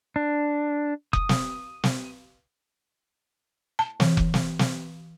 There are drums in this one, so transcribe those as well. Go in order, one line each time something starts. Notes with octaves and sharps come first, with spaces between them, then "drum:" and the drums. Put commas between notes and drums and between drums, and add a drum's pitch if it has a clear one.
D4
D#6, drum: kick F1
drum: snare
drum: snare
A5
E3, drum: snare
drum: kick F1
drum: snare
drum: snare